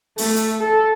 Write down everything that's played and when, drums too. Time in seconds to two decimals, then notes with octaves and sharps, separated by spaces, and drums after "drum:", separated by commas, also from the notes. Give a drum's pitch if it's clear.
0.18 A3, drum: open hi-hat
0.36 drum: hi-hat
0.60 A4